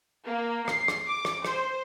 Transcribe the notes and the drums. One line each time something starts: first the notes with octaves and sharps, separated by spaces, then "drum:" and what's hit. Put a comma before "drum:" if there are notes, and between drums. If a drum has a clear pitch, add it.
A#3
C7, drum: rim click
drum: rim click
D6
drum: rim click
C5, drum: rim click